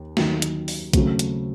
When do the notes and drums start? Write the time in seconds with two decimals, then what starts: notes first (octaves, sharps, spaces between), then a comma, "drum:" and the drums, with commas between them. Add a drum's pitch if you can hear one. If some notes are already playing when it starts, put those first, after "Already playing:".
Already playing: D#2
0.17 D#2 D#3 F#3, drum: snare
0.42 drum: hi-hat
0.68 drum: open hi-hat
0.93 D#2 C#3 F#3 A3 C4, drum: kick, hi-hat
1.19 drum: hi-hat